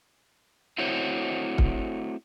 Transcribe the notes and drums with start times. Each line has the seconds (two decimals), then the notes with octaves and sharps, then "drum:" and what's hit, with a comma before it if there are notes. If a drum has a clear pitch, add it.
0.78 A3 C4 E4 F#4 C5 C#5
1.58 drum: kick